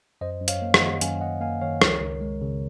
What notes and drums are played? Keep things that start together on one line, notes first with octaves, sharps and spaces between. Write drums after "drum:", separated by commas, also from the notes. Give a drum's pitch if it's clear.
F#2 C5 D#5
F#2
C#5 F5, drum: hi-hat
A#3
D#5 F#5, drum: rim click
D#3
F#2 F5 G#5, drum: hi-hat
F#2 D#5 F#5
A#3 F5 G#5
D#3 C#5 F5
C#2 A#4 C#5, drum: rim click
C#2
G#3
C#3